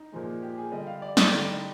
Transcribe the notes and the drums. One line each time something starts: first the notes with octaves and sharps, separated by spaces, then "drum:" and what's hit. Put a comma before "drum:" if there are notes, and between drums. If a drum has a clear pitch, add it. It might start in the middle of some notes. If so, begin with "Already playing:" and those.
Already playing: D#4
A#2 F3 G#3
G4
G#4
D3 G3 D#5
F5
D5
D5, drum: snare
D3 G3 D#4